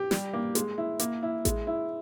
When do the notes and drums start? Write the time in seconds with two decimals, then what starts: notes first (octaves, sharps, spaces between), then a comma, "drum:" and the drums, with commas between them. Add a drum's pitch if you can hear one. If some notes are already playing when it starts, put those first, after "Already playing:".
Already playing: G4
0.11 G3, drum: snare
0.33 A#3
0.55 G#3, drum: hi-hat
0.78 E4
0.99 A#3, drum: hi-hat
1.23 E4
1.45 G#3, drum: kick A1, hi-hat
1.67 E4